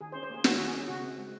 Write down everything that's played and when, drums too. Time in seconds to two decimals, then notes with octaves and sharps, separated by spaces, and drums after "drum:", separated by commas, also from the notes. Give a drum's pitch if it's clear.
0.01 D#3 G#4
0.12 C5
0.15 C#4
0.23 C5
0.30 A#3 G#4
0.44 D#3 F#4, drum: snare
0.56 F#4
0.59 D#3
0.67 G#4
0.74 C#4
0.88 C#3 F#4
1.04 C4
1.18 G#3